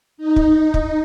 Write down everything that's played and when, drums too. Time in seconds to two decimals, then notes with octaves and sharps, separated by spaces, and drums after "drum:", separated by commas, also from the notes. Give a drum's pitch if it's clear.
0.17 D#4
0.36 drum: kick
0.74 drum: kick